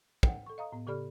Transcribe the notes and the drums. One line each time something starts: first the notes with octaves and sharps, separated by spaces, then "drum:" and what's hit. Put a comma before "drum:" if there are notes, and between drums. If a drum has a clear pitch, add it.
F#5 G5, drum: kick
A4 C#6
D#5 F5 A#5 D#6
A2 B3
C#3 G4 A4 D5 B5 F6